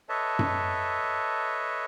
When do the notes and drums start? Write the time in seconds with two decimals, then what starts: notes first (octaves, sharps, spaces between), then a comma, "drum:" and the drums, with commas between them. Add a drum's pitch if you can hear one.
0.09 A4 B4 C#5 D#5 E5 A5
0.39 drum: tom F#2